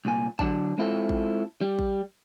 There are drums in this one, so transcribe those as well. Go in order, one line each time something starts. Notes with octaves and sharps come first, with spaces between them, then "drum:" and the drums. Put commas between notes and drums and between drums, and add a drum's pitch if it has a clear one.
C2 A#2 G#5
D3 F#3 D4 D5 A5, drum: kick A1
G#3 C4 E4 F4 A4
drum: kick A1
G3
drum: kick A1